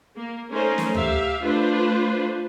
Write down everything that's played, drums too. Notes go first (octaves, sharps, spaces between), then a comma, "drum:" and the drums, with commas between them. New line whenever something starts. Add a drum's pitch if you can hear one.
A#3
A3 C#4 D#4 A#4 C5
drum: snare
G4 E5 F5, drum: tom
A3 D4 F4 B4 C5